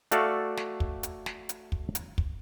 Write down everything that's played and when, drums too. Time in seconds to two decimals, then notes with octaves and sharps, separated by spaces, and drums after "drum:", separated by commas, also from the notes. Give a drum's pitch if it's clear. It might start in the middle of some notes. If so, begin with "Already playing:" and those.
0.12 A3 F#4 A4 D5 F5, drum: hi-hat
0.57 drum: snare
0.80 drum: kick
1.03 drum: hi-hat
1.26 drum: snare
1.49 drum: hi-hat
1.72 drum: kick
1.95 drum: hi-hat
2.18 drum: kick